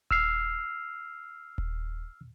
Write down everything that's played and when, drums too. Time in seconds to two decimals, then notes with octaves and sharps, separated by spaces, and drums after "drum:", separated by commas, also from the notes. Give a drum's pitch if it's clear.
0.11 E6 F6 C7, drum: kick D#1
1.58 drum: kick D#1